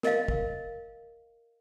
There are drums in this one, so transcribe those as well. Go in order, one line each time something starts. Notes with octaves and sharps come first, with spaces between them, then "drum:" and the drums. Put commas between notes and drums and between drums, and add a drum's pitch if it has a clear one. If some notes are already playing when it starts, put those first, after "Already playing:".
A#4 D#5 F5, drum: snare
drum: kick